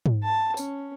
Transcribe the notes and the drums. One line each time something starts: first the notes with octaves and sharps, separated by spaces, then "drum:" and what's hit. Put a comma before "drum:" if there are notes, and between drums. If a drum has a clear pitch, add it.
drum: tom G#2
A5
C#4, drum: tambourine